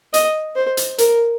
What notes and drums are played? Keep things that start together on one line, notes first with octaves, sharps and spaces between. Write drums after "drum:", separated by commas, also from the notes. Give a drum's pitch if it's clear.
D#5, drum: hi-hat
C5
drum: hi-hat
A#4, drum: hi-hat